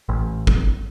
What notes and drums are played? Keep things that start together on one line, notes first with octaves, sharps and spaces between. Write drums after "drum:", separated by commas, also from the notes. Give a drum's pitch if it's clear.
A1
drum: kick